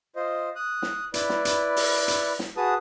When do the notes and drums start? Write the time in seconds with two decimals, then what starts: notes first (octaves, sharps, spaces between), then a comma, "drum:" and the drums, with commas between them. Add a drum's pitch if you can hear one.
0.16 F4 C5 D#5
0.55 D#6 F#6
0.82 drum: snare
1.14 E4 B4 D5, drum: hi-hat
1.29 drum: snare
1.45 drum: hi-hat
1.76 drum: open hi-hat
2.08 drum: hi-hat
2.39 drum: snare
2.57 F#4 G#4 B4 A5 D#6